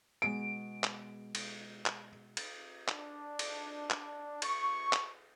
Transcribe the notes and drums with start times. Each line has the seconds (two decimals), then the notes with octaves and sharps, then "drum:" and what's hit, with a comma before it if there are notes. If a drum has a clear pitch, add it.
0.22 B2 G#3 D7
0.84 drum: clap
1.35 drum: cymbal
1.86 drum: clap
2.37 drum: cymbal
2.88 D4, drum: clap
3.39 drum: cymbal
3.90 drum: clap
4.42 C#6, drum: cymbal
4.93 drum: clap